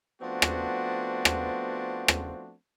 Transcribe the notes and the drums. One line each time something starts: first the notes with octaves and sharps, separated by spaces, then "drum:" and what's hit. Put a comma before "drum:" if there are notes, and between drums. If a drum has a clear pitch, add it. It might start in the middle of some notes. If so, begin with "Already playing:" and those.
F3 A3 B3 C4 D4 F#4
drum: rim click
drum: rim click
drum: rim click